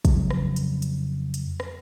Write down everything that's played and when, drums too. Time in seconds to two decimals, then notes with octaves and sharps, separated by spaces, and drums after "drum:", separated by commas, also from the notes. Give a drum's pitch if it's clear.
0.05 F2 C#3 F3 F#3, drum: kick, hi-hat
0.30 drum: rim click
0.56 drum: hi-hat
0.82 drum: hi-hat
1.34 drum: hi-hat
1.60 drum: rim click